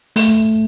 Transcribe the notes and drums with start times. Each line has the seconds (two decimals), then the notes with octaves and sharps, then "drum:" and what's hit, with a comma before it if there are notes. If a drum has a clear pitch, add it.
0.16 A3, drum: open hi-hat